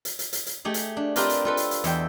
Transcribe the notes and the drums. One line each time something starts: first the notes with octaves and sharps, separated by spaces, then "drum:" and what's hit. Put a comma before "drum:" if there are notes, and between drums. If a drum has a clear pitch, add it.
drum: hi-hat
drum: hi-hat
drum: hi-hat
drum: hi-hat
A3 G4 G#4
drum: hi-hat
D4
C4 F4 G4 A#4 B4 D5, drum: hi-hat
drum: hi-hat
F4 A4 B4
drum: hi-hat
drum: hi-hat
E2 E5 G5, drum: hi-hat